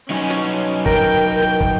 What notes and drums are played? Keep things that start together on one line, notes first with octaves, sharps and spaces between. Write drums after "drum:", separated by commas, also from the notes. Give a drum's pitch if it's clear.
F#3 C#4 D#4
drum: snare
A#4 G5, drum: kick
drum: snare
drum: kick